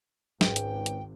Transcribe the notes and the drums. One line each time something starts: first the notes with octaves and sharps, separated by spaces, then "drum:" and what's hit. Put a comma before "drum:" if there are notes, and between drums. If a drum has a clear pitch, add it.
G#1 C#2 G#2 G5, drum: snare
drum: hi-hat
drum: hi-hat